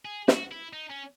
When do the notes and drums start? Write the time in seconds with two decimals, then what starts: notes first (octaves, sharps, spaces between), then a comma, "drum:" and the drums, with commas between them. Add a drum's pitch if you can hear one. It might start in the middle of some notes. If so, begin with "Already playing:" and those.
0.05 G#4
0.28 F#4, drum: snare
0.51 E4
0.73 D#4
0.90 C#4